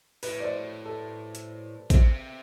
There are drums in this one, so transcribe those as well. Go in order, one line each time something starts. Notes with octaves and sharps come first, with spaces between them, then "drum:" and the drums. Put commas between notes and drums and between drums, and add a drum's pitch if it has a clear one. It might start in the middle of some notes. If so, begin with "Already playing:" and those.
A2 B4, drum: open hi-hat
D5
C5
A4
drum: hi-hat
C3 C5, drum: kick A1, hi-hat